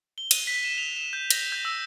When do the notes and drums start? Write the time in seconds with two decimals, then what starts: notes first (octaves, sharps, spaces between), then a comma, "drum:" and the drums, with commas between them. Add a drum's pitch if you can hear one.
0.18 G7
0.31 D#7, drum: cymbal
0.47 B6
0.64 E7
0.78 F7
0.96 E7
1.13 G6
1.30 A#6, drum: cymbal
1.52 G6
1.65 E6